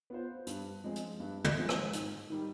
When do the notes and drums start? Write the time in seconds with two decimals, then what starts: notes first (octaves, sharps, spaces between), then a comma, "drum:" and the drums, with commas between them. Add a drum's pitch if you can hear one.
0.10 B3 F4 C5
0.47 G2, drum: hi-hat
0.84 F3 G#3 C4 F4
0.96 drum: hi-hat
1.20 G2
1.44 drum: tom
1.57 F3 G#3 C4 F4
1.69 drum: rim click
1.93 G#2, drum: hi-hat
2.30 D#3 G3